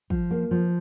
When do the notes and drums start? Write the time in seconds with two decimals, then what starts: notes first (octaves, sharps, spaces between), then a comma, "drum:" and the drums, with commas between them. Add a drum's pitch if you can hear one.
0.10 F3, drum: kick
0.31 A#3
0.51 F3